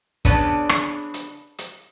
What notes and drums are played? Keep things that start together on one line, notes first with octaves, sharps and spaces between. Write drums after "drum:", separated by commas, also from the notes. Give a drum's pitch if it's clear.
C#3 B3 C#4 D4 B4, drum: kick, hi-hat
drum: rim click
drum: hi-hat
drum: hi-hat